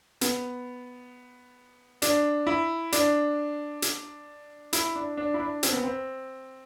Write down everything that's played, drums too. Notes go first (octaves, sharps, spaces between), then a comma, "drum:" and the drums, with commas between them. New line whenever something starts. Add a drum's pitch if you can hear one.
B3, drum: hi-hat
D4, drum: hi-hat
E4
D4, drum: hi-hat
drum: hi-hat
E4, drum: hi-hat
D4
D4
E4
D4
C4, drum: hi-hat
B3
C4